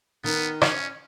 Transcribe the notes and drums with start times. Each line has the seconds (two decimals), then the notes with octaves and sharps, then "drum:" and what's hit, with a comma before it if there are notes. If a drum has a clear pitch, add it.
0.24 D#3 B3
0.61 C#4, drum: rim click